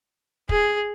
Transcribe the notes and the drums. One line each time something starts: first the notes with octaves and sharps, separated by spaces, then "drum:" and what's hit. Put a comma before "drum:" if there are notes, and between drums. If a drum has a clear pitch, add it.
G#4, drum: kick